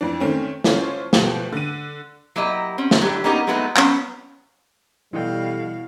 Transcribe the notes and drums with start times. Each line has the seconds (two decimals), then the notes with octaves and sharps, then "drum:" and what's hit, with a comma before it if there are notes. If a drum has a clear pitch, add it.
0.01 F2 E3 D4
0.20 D#3 A3 C4 C#4
0.64 E3 C#4 F4 A4 C5 C#5, drum: snare
1.13 B2 F3 A3 G4, drum: snare
1.53 D3 D#7
2.36 F#3 A#3 E4 G4 D#5
2.78 C4 C#4
2.91 drum: snare
3.00 D3 E3 F#3 G4
3.24 A#3 B3 C#4 D#4 G4 A#4
3.47 F#3 G#3 A3 B3 D#4 F#4
3.76 F#3 B3 C#4, drum: clap
5.13 B2 E3 G3 E4 A4 D#5 F5 G5